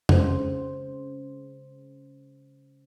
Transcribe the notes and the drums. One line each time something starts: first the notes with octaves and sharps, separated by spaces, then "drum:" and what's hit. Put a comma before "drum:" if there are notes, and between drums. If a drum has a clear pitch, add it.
C#3 C5, drum: tom F2